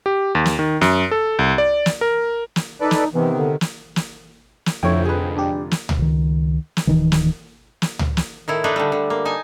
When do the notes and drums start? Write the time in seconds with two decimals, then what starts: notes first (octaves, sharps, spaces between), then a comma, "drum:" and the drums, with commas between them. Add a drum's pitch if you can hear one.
0.06 G4
0.35 D#2
0.46 drum: snare
0.59 D#3
0.81 F#2, drum: snare
1.11 A4
1.39 C2
1.58 D5
1.86 drum: snare
2.01 A#4
2.56 drum: snare
2.80 D#4 A4 B4 D5
2.91 drum: snare
3.14 C3 D#3 E3 B3
3.35 D3
3.61 drum: snare
3.96 drum: snare
4.66 drum: snare
4.83 F1 F2 D3 F3 E4 C#5 G5
5.05 G#4 B4
5.36 D4 G4
5.71 drum: snare
5.89 drum: tom C#2
5.99 C#2 D#3
6.77 drum: snare
6.87 D1 D#2 D#3 E3
7.12 drum: snare
7.82 drum: snare
7.99 drum: tom C#2
8.17 drum: snare
8.48 A2 D#3 E4
8.64 A3 D4 D#4 B4
8.76 D3 G3
8.92 D3
9.10 A#3
9.25 D#4 G#5 A5